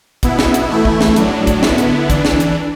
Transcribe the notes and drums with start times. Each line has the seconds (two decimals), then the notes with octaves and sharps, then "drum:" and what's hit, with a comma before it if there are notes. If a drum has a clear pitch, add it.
0.23 B2 B3 E4, drum: kick, hi-hat
0.39 drum: snare
0.54 drum: hi-hat
0.69 E3 A3 E4
0.85 drum: kick
1.01 drum: snare
1.16 A2 F#3 D4, drum: hi-hat
1.47 drum: kick, hi-hat
1.63 D3 B3 E4, drum: snare
1.78 drum: hi-hat
2.10 E3 D4, drum: kick, hi-hat
2.25 drum: snare
2.40 drum: hi-hat